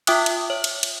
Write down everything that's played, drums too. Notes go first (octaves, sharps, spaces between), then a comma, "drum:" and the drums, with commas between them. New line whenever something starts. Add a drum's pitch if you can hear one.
F4 E5 G5 D6 D#6 F#6, drum: cymbal
drum: cymbal
C#5
drum: cymbal
drum: cymbal